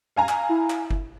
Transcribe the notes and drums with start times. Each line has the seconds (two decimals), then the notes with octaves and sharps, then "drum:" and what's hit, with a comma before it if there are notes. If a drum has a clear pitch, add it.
0.16 F5 G#5 A#5
0.29 drum: clap
0.49 E4
0.70 drum: clap
0.91 drum: kick F#1